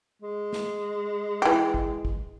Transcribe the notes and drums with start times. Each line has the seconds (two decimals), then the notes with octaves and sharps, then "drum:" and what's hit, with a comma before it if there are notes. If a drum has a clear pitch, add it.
0.22 G#3
0.53 drum: snare
1.42 E3 G4
1.74 drum: kick
2.05 drum: kick